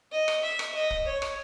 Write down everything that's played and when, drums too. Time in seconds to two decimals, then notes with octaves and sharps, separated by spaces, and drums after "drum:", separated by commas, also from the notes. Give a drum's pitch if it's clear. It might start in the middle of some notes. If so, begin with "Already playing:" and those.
0.12 D#5
0.28 drum: rim click
0.44 E5
0.59 drum: rim click
0.75 D#5
0.90 drum: kick
1.06 C#5
1.22 drum: rim click